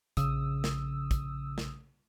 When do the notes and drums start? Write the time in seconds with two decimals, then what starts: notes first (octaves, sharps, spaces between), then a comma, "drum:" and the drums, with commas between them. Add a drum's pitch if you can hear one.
0.17 A#1 C#3 D#6 E6, drum: kick, hi-hat
0.64 drum: snare
1.11 drum: kick, hi-hat
1.58 drum: snare